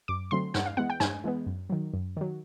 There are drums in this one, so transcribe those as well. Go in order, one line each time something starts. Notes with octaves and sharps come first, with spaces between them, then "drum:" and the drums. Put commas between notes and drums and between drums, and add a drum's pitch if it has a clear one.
F#2 D6
D3 F#3 A3 C4 C6
G2 F#5, drum: snare
F5
E3 G#3 B3 F#5
G5
G2 G#5, drum: snare
E3 G#3 B3
F#2
D#3 F#3
F#2
D#3 F#3